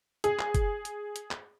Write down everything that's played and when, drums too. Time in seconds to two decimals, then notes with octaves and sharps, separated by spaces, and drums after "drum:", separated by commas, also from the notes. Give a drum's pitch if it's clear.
0.24 G#4, drum: hi-hat
0.39 drum: clap
0.55 drum: kick F#1, hi-hat
0.85 drum: hi-hat
1.16 drum: hi-hat
1.31 drum: clap